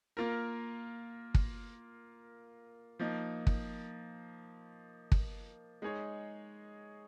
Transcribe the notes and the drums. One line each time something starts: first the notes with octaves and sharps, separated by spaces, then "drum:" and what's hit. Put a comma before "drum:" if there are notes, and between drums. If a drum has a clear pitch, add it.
A#3 F4 A#4
drum: kick
F3 A#3 D#4
drum: kick
drum: kick
G#3 D#4 G#4 C#5